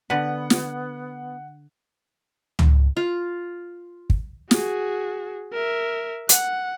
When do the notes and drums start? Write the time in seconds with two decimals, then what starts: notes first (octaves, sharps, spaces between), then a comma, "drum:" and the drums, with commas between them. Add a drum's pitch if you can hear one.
0.10 D3 B3 B4 F#5
0.50 drum: snare
2.59 drum: tom C#2
2.97 F4
4.10 drum: kick
4.51 F#4 G#4, drum: snare
5.53 A#4 E5
6.29 F#5, drum: hi-hat